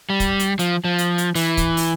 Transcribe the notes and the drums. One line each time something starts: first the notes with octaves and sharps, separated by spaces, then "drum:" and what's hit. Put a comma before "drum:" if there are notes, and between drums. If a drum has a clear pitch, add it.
G3
drum: kick, hi-hat
drum: hi-hat
F3, drum: hi-hat
F3
drum: hi-hat
drum: hi-hat
E3, drum: open hi-hat
drum: kick, hi-hat
drum: open hi-hat